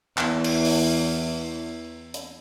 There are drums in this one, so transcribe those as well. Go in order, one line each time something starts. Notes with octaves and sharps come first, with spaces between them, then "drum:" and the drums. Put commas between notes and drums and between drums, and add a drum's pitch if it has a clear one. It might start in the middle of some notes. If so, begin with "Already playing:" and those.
E2 E3, drum: clap
drum: cymbal
drum: open hi-hat
drum: hi-hat